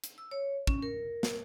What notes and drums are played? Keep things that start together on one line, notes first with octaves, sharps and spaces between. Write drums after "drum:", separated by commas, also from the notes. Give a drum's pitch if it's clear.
drum: hi-hat
E6
C#5
C#4, drum: kick
A#4
drum: snare